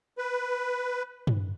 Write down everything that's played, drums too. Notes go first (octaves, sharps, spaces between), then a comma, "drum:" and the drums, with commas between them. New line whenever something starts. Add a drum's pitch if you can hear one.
B4
drum: tom